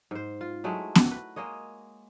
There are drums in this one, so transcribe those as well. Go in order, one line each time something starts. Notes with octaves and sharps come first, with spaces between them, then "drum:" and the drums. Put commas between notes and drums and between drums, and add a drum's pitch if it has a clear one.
G#2 C5
F4
F#3 G#3 A3 E4
F#4, drum: snare B3
B4
G#3 A#3 C#5 D#5